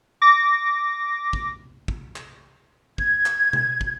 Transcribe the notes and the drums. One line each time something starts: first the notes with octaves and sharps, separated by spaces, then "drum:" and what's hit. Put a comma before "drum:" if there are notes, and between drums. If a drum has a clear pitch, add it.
D6 A#6
drum: kick
drum: kick
drum: clap
G#6, drum: kick
drum: clap
drum: tom B2
drum: kick